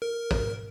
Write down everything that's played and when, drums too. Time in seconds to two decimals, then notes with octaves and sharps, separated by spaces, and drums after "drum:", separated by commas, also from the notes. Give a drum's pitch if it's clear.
0.02 A#4
0.31 drum: kick